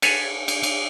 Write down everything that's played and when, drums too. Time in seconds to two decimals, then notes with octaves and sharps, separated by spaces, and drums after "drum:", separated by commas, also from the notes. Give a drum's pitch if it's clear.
0.02 A4 B4 C#5 F5 F#5 G#5, drum: cymbal
0.48 drum: cymbal
0.63 drum: cymbal